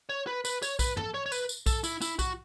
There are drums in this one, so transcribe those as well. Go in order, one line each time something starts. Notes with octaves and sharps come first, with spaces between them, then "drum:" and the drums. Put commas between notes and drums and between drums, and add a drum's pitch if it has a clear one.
C#5
B4
B4, drum: tambourine
C#5, drum: tambourine
B4, drum: kick B1, tambourine
A4, drum: tom
C#5
C#5
B4, drum: tambourine
drum: tambourine
A4, drum: kick B1, tambourine
E4, drum: tambourine
E4, drum: tambourine
F#4, drum: kick B1, tambourine